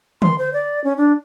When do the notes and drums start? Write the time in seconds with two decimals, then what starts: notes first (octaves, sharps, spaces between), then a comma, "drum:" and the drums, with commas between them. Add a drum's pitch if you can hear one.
0.22 C6, drum: tom D3
0.38 C5
0.53 D5
0.84 C#4
0.97 D4